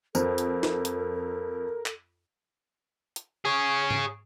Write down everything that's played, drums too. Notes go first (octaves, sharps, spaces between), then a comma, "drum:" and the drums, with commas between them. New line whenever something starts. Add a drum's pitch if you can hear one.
F2 A4 A#4 C5, drum: tambourine
drum: hi-hat
drum: snare
drum: hi-hat
drum: clap
drum: hi-hat
G#4 C#5
drum: tom G#2